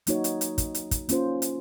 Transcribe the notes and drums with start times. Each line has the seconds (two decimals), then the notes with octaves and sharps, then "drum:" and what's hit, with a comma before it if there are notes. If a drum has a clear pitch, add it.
0.07 F#3 A#3 D#4 F#4 C#5, drum: hi-hat
0.24 drum: hi-hat
0.41 drum: hi-hat
0.58 drum: kick, hi-hat
0.75 drum: hi-hat
0.91 drum: kick, hi-hat
1.09 A#3 C#4 F4 C5, drum: hi-hat
1.42 drum: hi-hat